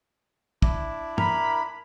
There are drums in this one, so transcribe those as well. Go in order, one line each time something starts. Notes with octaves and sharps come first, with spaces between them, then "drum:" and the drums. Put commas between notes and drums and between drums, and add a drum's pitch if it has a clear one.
D4 E4, drum: kick
A#4 B5, drum: tom G2